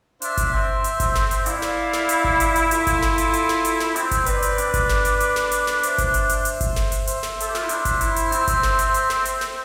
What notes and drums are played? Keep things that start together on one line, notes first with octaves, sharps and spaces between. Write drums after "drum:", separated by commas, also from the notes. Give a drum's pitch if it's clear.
D4 C5 E5, drum: hi-hat
drum: kick G1, hi-hat
C4
drum: hi-hat
drum: kick G1, hi-hat
drum: snare
drum: hi-hat
E4 D5 F5, drum: hi-hat
drum: snare
drum: snare
drum: hi-hat
drum: kick G1
drum: hi-hat
drum: hi-hat
F4 A4, drum: hi-hat
drum: kick G1, hi-hat
drum: snare
drum: hi-hat
drum: hi-hat
drum: snare
drum: hi-hat
drum: snare
C4, drum: hi-hat
drum: kick G1, hi-hat
C4 B4 D5, drum: hi-hat
drum: hi-hat
D4, drum: hi-hat
drum: kick G1, hi-hat
drum: snare
drum: hi-hat
drum: hi-hat
drum: snare
drum: hi-hat
drum: snare
C5 E5, drum: hi-hat
drum: kick G1, hi-hat
drum: hi-hat
drum: hi-hat
drum: hi-hat
drum: kick G1, hi-hat
drum: snare
drum: hi-hat
C5 E5, drum: hi-hat
drum: snare
A4, drum: hi-hat
G4
F4, drum: snare
E4
D4, drum: hi-hat
drum: kick G1, hi-hat
E4, drum: hi-hat
drum: hi-hat
C4, drum: hi-hat
drum: kick G1, hi-hat
drum: snare
drum: hi-hat
drum: hi-hat
drum: snare
drum: hi-hat
drum: snare